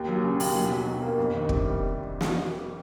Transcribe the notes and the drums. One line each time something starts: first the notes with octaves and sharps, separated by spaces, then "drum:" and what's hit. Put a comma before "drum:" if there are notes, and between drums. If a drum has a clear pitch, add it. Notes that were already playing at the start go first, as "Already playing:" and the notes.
Already playing: D#2
F#3
C#3
D#2, drum: open hi-hat
B1
F#3
B2
A#3
F2
D#3
C3, drum: kick
G3
drum: snare